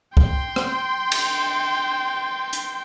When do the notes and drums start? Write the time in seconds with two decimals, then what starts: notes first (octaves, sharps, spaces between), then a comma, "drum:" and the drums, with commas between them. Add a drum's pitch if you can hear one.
0.17 G5 C6, drum: kick C2
0.56 drum: rim click
1.12 drum: cymbal
2.53 drum: hi-hat